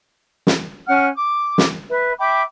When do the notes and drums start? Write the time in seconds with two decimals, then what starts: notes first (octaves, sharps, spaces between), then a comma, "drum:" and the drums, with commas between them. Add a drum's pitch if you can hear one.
0.47 drum: snare
0.87 C#4 F#5 F6
1.15 D6
1.58 drum: snare
1.89 B4 E5
2.18 E5 G5 B5 D6